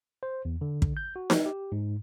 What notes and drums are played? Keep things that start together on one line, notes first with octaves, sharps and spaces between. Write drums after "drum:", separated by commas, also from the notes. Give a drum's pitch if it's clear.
C5
E2
D3
drum: kick
G6
F#4
drum: snare D#4
G4
G#2